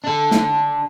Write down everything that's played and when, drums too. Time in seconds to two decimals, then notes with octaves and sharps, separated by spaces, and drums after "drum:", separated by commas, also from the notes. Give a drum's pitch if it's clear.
0.04 D4 A4
0.31 drum: snare